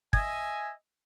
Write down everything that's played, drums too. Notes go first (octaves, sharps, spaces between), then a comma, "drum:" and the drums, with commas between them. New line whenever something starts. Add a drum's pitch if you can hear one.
D#5 E5 G#5 G#6, drum: kick